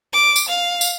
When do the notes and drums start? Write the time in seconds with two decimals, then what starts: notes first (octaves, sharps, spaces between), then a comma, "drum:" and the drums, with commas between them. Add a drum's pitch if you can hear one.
0.13 D6
0.36 drum: tambourine
0.48 F5
0.81 drum: tambourine